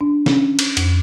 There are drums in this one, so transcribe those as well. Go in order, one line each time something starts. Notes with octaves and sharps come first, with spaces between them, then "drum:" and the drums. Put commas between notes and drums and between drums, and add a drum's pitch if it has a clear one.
D4
C#4, drum: snare
drum: cymbal
F2, drum: cymbal